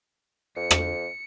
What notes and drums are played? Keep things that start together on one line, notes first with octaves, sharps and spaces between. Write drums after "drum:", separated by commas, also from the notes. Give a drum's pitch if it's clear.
F2 C#7
drum: rim click